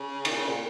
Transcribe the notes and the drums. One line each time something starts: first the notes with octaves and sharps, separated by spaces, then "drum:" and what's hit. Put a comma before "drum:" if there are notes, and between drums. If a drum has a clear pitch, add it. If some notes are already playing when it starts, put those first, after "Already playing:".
Already playing: C#3
D#3, drum: cymbal
A#2
C#3
A#2